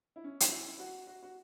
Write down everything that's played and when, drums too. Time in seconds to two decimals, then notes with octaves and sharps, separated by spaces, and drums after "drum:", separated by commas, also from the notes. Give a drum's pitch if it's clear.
0.16 E4
0.24 C#4
0.40 F#4, drum: hi-hat
0.51 E4
0.79 F#4
1.07 F#4
1.23 F#4